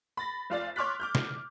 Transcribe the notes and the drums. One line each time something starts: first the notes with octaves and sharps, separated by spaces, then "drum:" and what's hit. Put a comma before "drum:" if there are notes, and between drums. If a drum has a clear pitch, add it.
B5 A6 A#6
F1 F4 D5 A6
C#5 C6 D6 F6 F#6 B6
D6 F6 G6
drum: snare